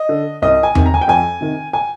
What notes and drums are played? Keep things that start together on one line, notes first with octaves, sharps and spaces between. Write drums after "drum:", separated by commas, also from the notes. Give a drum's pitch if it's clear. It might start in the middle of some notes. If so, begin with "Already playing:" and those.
Already playing: D#5
D3
C2 D#5
G#5
C3 D#3, drum: tom E2
A#5
G#5
G5
F2 G#5
C3 D#3
G#5